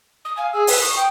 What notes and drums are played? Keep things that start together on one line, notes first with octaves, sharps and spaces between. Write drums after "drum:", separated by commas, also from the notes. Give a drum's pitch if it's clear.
D#6
F5 G#5
G#4 E6
B4, drum: open hi-hat
C#6 D#6
G5